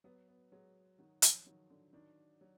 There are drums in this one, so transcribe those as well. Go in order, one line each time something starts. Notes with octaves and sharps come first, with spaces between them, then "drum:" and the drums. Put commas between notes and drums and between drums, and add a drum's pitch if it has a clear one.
F#3 B3
B3
F#3 G#3
D#3 F#3
F3, drum: hi-hat
D#3 F#3
D3
D#3 D4
F#3